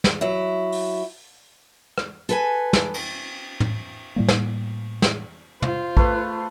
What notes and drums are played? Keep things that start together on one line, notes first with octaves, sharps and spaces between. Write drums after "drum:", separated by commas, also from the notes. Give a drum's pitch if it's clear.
drum: snare
F#3 E4
drum: open hi-hat
drum: rim click
A4 B4 G#5, drum: hi-hat
drum: snare
drum: cymbal
drum: tom
A2 G3 A#3
drum: snare
drum: snare
F4 C5, drum: tom
A3 B4, drum: kick A#1